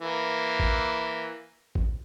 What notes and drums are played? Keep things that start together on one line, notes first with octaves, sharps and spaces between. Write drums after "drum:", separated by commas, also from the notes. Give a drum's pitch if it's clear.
E3 A#3
drum: kick A1
drum: kick A1